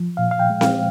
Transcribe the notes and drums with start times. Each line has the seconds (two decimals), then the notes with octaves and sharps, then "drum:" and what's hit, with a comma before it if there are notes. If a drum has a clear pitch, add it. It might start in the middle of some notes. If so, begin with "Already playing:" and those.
Already playing: F3
0.17 A#2 F5
0.31 F5
0.39 G5
0.50 G#3
0.61 F5, drum: snare C4